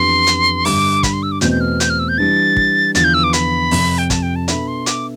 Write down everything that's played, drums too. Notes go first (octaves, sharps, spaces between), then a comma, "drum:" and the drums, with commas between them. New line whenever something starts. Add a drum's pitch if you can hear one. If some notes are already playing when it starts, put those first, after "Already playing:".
Already playing: F2 E3 B3 D4 G4 C6
drum: hi-hat
G2 D3 G3 D6, drum: open hi-hat
B5, drum: kick, hi-hat
C6
E6
D6
E2 B2 A3 C4 G6, drum: hi-hat
G6
F6
G6, drum: hi-hat
F6
E6
G6
E3 G3 D4 A6
drum: kick
E2 D3 F3 B3 F4 A6, drum: hi-hat
G6
E6
D6
B5, drum: hi-hat
F2 C3 F3, drum: open hi-hat
G5
A5, drum: kick, hi-hat
G5
A5
B2 B3 D4 A4 E5 B5, drum: hi-hat
C6
D6, drum: hi-hat